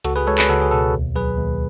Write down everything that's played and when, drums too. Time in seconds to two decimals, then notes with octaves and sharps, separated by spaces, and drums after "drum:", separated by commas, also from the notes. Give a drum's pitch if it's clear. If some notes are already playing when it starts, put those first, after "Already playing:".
0.05 C#2 F#4 A4, drum: hi-hat
0.16 G#4 B4
0.27 G#3 A4 C#5
0.38 G#4 B4, drum: clap
0.49 C#2 F#4 A4
0.62 G#4
0.71 B2 F#4 A4
0.94 D#2
1.16 F#3 G#4 B4
1.38 D#2